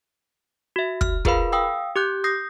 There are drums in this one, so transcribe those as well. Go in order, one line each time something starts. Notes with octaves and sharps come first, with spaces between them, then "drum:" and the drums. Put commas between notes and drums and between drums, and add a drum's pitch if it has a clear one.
F#4 E5
F6, drum: kick
F4 G#4 A#4 B4 F5 B5, drum: kick
F5 G5 D#6 E6
G4 D6 F#6 G6
D#6 G6 A#6 C7